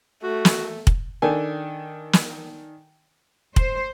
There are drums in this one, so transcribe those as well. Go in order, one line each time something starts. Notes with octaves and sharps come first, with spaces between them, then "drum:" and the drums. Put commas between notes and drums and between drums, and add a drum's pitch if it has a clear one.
A3 F#4
drum: snare
drum: kick
D#3 D4 A4 G#5
drum: snare
C5, drum: kick